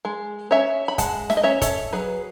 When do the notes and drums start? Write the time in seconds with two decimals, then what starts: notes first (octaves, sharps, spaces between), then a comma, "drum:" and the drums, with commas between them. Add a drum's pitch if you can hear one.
0.05 G#3
0.51 C#4 C#5 E5
0.88 B5
0.98 G#3 F#5 A5, drum: kick, hi-hat
1.30 E5, drum: snare
1.37 D#5
1.43 C#4 C#5 E5
1.61 A4 C#5, drum: kick, hi-hat
1.93 F#3 G#4 B4